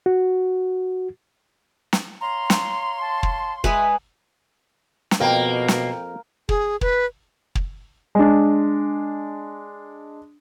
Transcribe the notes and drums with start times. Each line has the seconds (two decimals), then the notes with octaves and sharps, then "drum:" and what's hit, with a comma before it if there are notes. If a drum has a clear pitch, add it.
0.06 F#4
1.93 drum: snare
2.21 C#5 F5 A#5 C6
2.50 drum: snare
3.01 A5
3.23 drum: kick
3.64 G#3 G#4 B4 E5, drum: kick
5.11 drum: snare
5.20 F2 B2 A#3 F5 G5
5.68 drum: snare
6.49 G#4, drum: kick
6.81 B4, drum: kick
7.55 drum: kick
8.15 G#3 D4